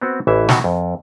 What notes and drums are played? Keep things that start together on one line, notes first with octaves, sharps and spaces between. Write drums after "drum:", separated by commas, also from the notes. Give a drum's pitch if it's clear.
B3 C4 F#4
A1 E3 E5
B2 D#3 F#4, drum: snare
F2